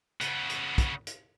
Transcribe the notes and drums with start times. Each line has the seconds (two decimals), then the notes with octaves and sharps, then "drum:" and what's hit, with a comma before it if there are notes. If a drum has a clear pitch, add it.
0.21 C#3 B3, drum: hi-hat
0.49 drum: hi-hat
0.78 drum: kick, hi-hat
1.07 drum: hi-hat